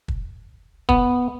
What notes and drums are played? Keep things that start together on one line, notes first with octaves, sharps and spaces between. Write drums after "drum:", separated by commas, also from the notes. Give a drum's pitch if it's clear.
drum: kick
B3, drum: kick